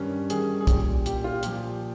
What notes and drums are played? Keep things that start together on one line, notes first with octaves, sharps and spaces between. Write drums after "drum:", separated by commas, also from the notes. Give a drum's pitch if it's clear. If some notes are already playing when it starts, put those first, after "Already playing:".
Already playing: G2 D#3 G3 C#4
G2 D#3 G3 G#4, drum: hi-hat
G#4
A#2 G3 G4, drum: kick, hi-hat
A#2 G3 G4, drum: hi-hat
F4
A#2 F3 G4, drum: hi-hat